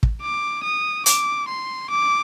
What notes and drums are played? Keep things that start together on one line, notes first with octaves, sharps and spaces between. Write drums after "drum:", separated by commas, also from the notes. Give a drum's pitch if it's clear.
drum: kick
D6
D#6
D6, drum: hi-hat
C6
D6